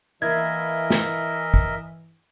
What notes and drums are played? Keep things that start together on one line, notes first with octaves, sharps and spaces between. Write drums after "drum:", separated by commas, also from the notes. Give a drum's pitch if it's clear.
E3 A#3 E4 A#4 D#5 E5 G#6
drum: snare
drum: kick